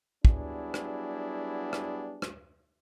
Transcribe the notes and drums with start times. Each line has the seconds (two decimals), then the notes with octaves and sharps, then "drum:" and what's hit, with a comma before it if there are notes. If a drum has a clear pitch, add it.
0.25 F#3 G3 B3 D4 E4 G#4, drum: kick
0.74 drum: rim click
1.73 drum: rim click
2.22 drum: rim click